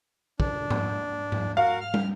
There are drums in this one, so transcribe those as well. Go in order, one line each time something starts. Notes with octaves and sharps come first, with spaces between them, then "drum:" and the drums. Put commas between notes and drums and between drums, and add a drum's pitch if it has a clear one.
D4, drum: kick
drum: tom G#2
drum: tom G#2
F#4 A#4 F5
F6
drum: tom